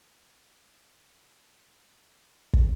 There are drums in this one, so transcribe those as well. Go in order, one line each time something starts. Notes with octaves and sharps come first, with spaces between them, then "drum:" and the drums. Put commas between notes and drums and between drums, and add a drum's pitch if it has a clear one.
E5
D4
E4
drum: kick